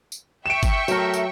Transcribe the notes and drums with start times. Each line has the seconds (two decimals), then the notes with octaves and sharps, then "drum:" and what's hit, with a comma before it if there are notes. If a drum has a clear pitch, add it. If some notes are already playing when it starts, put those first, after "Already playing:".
0.12 drum: tambourine
0.46 E5 G5 C#6 D7 E7
0.63 drum: kick G1, tambourine
0.88 F#3 A3 A#4, drum: tambourine
1.14 drum: tambourine